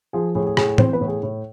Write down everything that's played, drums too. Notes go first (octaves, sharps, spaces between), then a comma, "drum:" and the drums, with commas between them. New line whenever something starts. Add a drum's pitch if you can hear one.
F3 G#4
A2 G#4
G#4
A2 G#4, drum: rim click
G#4
E3 C4 C5, drum: tom A2
B3 B4
A2
G#4
A2